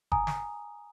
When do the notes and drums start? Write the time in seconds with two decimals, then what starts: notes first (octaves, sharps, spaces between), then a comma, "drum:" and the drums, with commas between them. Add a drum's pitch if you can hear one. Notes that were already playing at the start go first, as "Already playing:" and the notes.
0.12 G#5 A#5 D#6, drum: kick F#1
0.27 drum: snare